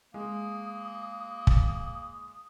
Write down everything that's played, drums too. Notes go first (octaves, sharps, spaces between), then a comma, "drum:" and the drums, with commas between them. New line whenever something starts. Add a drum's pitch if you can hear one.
G#3 A#3 D#6
drum: kick